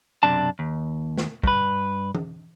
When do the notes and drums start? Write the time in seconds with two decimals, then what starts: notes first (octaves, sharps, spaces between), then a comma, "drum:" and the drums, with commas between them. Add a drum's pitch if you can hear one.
0.23 B1 F#2 C3 D4 A5
0.59 D#2
1.18 drum: snare
1.43 G2 B4, drum: kick
2.15 drum: tom